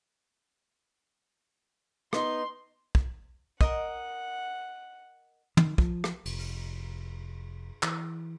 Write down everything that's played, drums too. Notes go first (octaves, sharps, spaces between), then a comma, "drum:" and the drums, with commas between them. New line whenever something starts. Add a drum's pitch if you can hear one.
B3 D#4 C6, drum: rim click
drum: kick
A#4 D#5 F#5, drum: kick
D#3, drum: tom
F3, drum: kick
drum: rim click
F1, drum: cymbal
drum: open hi-hat
E3, drum: clap